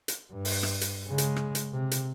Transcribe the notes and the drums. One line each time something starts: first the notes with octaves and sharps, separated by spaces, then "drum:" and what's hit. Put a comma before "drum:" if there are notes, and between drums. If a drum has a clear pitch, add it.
drum: hi-hat
G2
drum: open hi-hat
drum: rim click
drum: hi-hat
C#3 G#3
drum: hi-hat
drum: rim click
drum: hi-hat
C3
drum: hi-hat